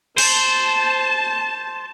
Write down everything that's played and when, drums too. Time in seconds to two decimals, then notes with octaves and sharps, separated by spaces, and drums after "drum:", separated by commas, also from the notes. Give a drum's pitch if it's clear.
0.18 C5 A5, drum: cymbal